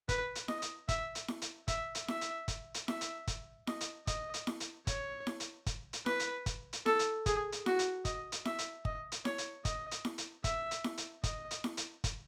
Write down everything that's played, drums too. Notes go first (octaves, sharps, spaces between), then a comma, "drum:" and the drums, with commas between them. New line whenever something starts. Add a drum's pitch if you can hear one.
B4, drum: kick, hi-hat
drum: hi-hat
D#5, drum: snare E4
drum: hi-hat
E5, drum: kick, hi-hat
drum: hi-hat
drum: snare E4
drum: hi-hat
E5, drum: kick, hi-hat
drum: hi-hat
E5, drum: snare E4
drum: hi-hat
drum: kick, hi-hat
drum: hi-hat
E5, drum: snare E4
drum: hi-hat
drum: kick, hi-hat
D#5, drum: snare E4
drum: hi-hat
D#5, drum: kick, hi-hat
drum: hi-hat
drum: snare E4
drum: hi-hat
C#5, drum: kick, hi-hat
drum: snare E4
drum: hi-hat
drum: kick, hi-hat
drum: hi-hat
B4, drum: snare E4
drum: hi-hat
drum: kick, hi-hat
drum: hi-hat
A4, drum: snare E4
drum: hi-hat
G#4, drum: kick, hi-hat
drum: hi-hat
F#4, drum: snare E4
drum: hi-hat
D#5, drum: kick, hi-hat
drum: hi-hat
E5, drum: snare E4
drum: hi-hat
D#5, drum: kick
drum: hi-hat
C#5, drum: snare E4
drum: hi-hat
D#5, drum: kick, hi-hat
drum: hi-hat
drum: snare E4
drum: hi-hat
E5, drum: kick, hi-hat
drum: hi-hat
drum: snare E4
drum: hi-hat
D#5, drum: kick, hi-hat
drum: hi-hat
drum: snare E4
drum: hi-hat
drum: kick, hi-hat